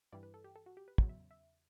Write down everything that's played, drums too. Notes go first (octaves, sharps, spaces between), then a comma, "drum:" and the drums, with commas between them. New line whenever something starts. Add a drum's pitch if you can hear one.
G2 E3 G3 D5
B4
A4
G4
A4
F#4
G4
B4
E2 C#3 F#3, drum: kick
E5
E5